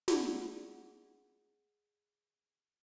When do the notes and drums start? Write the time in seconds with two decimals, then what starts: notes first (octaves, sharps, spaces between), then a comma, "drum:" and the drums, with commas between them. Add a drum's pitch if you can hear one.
0.08 G#4 D5 F#5, drum: snare